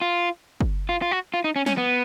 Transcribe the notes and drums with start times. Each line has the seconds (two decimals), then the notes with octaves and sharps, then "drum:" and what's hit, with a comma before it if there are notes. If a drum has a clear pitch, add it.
0.01 F4
0.61 drum: kick
0.89 F4
1.02 F4
1.11 F#4
1.34 F4
1.44 D#4
1.56 C#4
1.66 C#4, drum: snare
1.78 B3